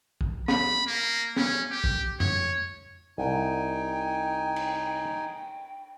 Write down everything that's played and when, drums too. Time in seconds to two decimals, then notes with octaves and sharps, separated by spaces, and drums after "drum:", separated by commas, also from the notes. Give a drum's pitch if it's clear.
0.21 drum: kick
0.48 B5, drum: snare
0.87 A#3
1.36 C#4, drum: snare
1.71 G4
1.84 drum: kick
2.20 C#5, drum: tom F2
3.18 C2 D#4 G5 G#5
4.56 drum: cymbal